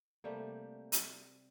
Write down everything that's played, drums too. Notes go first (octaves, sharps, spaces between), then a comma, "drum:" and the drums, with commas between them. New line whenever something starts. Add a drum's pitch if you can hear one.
C3 G3 A3 A#3
drum: hi-hat